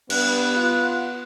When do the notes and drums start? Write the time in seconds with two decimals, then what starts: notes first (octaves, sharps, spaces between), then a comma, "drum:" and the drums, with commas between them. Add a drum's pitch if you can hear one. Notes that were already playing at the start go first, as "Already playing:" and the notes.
0.10 G2 B3 F#6, drum: cymbal
0.56 F4